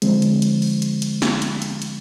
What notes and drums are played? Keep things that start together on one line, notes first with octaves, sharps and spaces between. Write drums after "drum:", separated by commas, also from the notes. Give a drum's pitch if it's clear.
D3 F3 G#3 C4, drum: hi-hat
drum: hi-hat
drum: hi-hat
drum: open hi-hat
drum: hi-hat
drum: hi-hat
drum: snare
drum: hi-hat
drum: hi-hat
drum: hi-hat